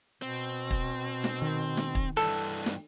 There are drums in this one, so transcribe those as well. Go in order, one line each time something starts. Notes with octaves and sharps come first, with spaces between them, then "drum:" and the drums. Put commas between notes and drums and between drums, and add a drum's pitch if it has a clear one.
B2 C4
drum: kick
drum: snare
D#3
drum: snare
drum: kick
G2 E3 A4
drum: snare